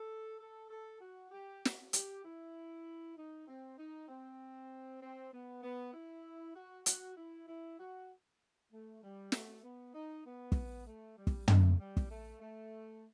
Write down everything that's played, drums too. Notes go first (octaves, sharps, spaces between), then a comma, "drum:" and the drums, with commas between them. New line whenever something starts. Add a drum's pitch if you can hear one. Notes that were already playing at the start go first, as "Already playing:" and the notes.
Already playing: A4
A4
A4
F#4
G4
drum: snare
G4, drum: hi-hat
E4
D#4
C4
D#4
C4
C4
B3
B3
E4
F#4
F#4, drum: hi-hat
E4
E4
F#4
A3
G3
A3, drum: snare
B3
D#4
B3
drum: kick
A3
G3
drum: kick
A3, drum: tom
G3
drum: kick
A3
A3